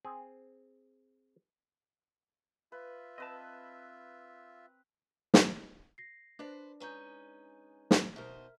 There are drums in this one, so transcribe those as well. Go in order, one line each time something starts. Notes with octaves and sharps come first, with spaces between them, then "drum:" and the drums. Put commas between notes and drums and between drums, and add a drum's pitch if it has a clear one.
C4 G#4
F4 B4 E5
C4 B4 D#5 A5
drum: snare
A#6 C7
D4 B4 C5 D5
G#3 C#4 D#4 B4 A#5 G6
drum: snare
B2 D#4 A#4 C5 E5